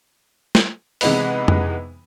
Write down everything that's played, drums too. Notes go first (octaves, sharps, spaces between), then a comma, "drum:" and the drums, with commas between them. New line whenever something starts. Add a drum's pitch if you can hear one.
drum: snare
C3 E3 G#3 B3 D#4 B4, drum: open hi-hat
drum: tom F2